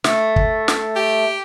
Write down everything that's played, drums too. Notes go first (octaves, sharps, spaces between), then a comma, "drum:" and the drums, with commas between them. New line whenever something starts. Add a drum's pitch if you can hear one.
A3, drum: snare
drum: kick
drum: snare
G4